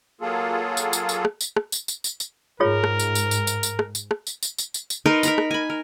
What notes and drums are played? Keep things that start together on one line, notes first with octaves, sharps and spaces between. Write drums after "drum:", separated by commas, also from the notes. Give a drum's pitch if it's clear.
F#3 A#3 F4 G#4 A4
drum: tambourine
drum: tambourine
drum: tambourine
drum: rim click
drum: tambourine
drum: rim click
drum: tambourine
drum: tambourine
drum: tambourine
drum: tambourine
G#2 F4 G#4 A#4 C#5
drum: rim click
drum: tambourine
drum: tambourine
drum: tambourine
drum: tambourine
drum: tambourine
drum: rim click
drum: tambourine
drum: rim click
drum: tambourine
drum: tambourine
drum: tambourine
drum: tambourine
drum: tambourine
D#4 A#4 B4 C6, drum: rim click
A#4 A#5 B5, drum: tambourine
drum: rim click
G#5 B5
A#4